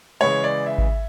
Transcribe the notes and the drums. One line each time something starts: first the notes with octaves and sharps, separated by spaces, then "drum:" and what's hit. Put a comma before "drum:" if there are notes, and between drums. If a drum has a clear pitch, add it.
C#3 E3 G#3 C#5
D5
E5
drum: kick G#1